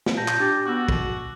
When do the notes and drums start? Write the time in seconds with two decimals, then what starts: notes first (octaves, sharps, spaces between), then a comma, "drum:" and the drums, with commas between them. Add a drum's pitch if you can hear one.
0.06 drum: snare
0.17 A#2 G5 A5 G6 A#6
0.28 drum: clap
0.40 D4 G4 A6 A#6
0.65 B3 F#4 D6 E6
0.89 B2, drum: kick